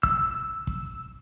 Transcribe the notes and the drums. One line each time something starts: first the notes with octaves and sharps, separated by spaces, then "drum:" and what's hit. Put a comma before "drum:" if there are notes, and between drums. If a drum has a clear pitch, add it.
E6, drum: kick
drum: kick